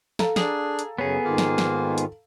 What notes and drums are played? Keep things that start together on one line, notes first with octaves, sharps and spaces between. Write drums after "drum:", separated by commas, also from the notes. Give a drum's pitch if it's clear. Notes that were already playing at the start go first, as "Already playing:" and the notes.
A4 F5 A#5, drum: snare
D4 G#4, drum: snare
drum: hi-hat
F#2 C#3 B3 C#4 G#4
G#2 D#3 A#3 F4
drum: snare
drum: snare
drum: hi-hat